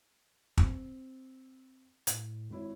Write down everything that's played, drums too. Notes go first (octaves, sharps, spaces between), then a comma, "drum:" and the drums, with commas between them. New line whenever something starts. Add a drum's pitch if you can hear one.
C4, drum: kick
A2, drum: hi-hat
G#1 E4 C#5